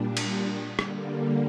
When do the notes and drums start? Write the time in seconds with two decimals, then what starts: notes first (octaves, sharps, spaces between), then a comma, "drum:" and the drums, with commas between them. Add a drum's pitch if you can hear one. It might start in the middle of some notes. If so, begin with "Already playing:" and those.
Already playing: A#2 G3 D4
0.17 drum: cymbal
0.79 D3 G3 A#3, drum: rim click